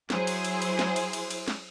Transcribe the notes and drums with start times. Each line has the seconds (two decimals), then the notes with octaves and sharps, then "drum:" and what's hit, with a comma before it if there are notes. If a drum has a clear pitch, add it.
0.10 F#3 E4 G#4 C5, drum: snare
0.27 drum: cymbal
0.44 drum: cymbal
0.62 drum: cymbal
0.79 drum: snare
0.96 drum: cymbal
1.13 drum: cymbal
1.30 drum: cymbal
1.48 drum: snare